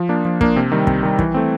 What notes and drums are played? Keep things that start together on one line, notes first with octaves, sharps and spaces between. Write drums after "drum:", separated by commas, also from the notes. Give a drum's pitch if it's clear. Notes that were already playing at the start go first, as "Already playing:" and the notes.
Already playing: F3
A#3 D4
F3
A#3 D4, drum: kick
C3
D#3 G3
C3, drum: kick
D#3 G3
E3, drum: kick
A3 C4